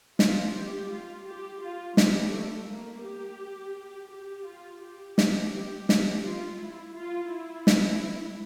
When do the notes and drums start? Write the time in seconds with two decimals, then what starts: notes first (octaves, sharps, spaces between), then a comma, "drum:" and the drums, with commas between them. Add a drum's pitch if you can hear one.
0.19 F4, drum: snare
0.56 G4
0.91 F4
1.27 G4
1.62 F4
1.97 G3, drum: snare
2.33 A3
2.69 A#3
3.04 G4
4.10 G4
4.47 F4
4.82 G4
5.18 drum: snare
5.53 G4
5.89 G4, drum: snare
6.25 F4
6.59 E4
6.96 F4
7.31 E4
7.67 drum: snare